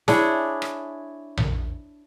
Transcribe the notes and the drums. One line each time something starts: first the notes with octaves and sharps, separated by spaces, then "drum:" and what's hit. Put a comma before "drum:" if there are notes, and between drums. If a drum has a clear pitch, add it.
D4 E4 G#4 C#5, drum: snare
drum: rim click
drum: tom A#1